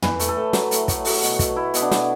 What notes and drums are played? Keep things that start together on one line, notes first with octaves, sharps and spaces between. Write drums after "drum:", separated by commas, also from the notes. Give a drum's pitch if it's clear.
E3 B4, drum: tom
A3, drum: hi-hat
A4
A2
F#3, drum: snare
A3, drum: hi-hat
A2, drum: kick, hi-hat
A3 F#4, drum: open hi-hat
B2, drum: hi-hat
B2, drum: kick, hi-hat
A3 E4
B2 B3, drum: hi-hat
D4
B2, drum: snare